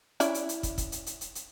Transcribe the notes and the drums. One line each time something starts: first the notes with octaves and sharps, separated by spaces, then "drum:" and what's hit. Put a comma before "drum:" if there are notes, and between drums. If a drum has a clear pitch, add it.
C#4 E4 D5, drum: hi-hat
drum: hi-hat
drum: hi-hat
drum: kick, hi-hat
drum: kick, hi-hat
drum: hi-hat
drum: hi-hat
drum: hi-hat
drum: hi-hat